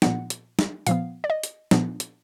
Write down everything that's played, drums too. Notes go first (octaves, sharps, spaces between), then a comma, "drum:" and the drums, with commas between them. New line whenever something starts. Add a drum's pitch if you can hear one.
A#2 F3 B3 F#5, drum: snare
drum: hi-hat
drum: snare
A#2 F3 B3 F5, drum: hi-hat
D5
D#5
drum: hi-hat
A#2 F3 B3 D4, drum: snare
drum: hi-hat